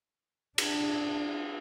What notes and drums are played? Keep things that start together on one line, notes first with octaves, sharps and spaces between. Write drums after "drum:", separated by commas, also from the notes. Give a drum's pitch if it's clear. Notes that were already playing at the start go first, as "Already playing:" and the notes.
D4, drum: cymbal